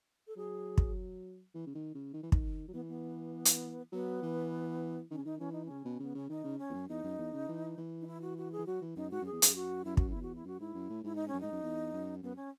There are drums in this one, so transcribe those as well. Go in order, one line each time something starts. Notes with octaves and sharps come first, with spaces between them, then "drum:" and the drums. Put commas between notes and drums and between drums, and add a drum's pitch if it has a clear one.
A4
F#3 G#4
drum: kick
E3
C#3
D#3
C#3
D#3
E3
D#3, drum: kick
F#3
E3 B3
B3
drum: hi-hat
F#3 B3
E3
D#3 C#4
C#3
D#3 D#4
E3 C#4
D#4
C#3 C#4
B2
C#3 B3
C#3 C#4
D#3 D#4
C#3
C#4
E2
F#2
E2 D#4
F#2
E2
C#3
E3
E3
D#4
E4
F#4
F#4
G#4
E3
F#3 F#4
E3
F#2 D#4
G#2 F#4
F#2 G#4
E2
F#2, drum: hi-hat
F#4
F#2 E4
F#4, drum: kick
E4
E2
F#4
E4
F#2 F#4
G#2 E4
F#2
A2
G#2 E4
D#4
C#4
F#2
G#2 D#4
F#2
E2
F#2
F#2 B3
C#4